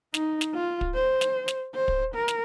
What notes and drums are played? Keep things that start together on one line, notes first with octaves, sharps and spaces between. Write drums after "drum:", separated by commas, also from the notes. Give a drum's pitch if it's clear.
D#4, drum: snare
drum: snare
F4
drum: kick
C5
drum: snare
drum: snare
C5
drum: kick
A#4
drum: snare